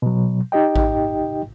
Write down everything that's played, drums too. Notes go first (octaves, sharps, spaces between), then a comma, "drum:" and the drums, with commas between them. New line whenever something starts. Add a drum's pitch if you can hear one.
B2 F#3
D#4 G4 D#5 G5
drum: kick A1